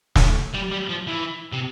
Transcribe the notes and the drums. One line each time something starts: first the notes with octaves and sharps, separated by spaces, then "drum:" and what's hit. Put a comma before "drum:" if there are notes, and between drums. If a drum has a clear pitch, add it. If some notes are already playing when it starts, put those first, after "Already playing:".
drum: snare
G3
G3
F3
E3
C3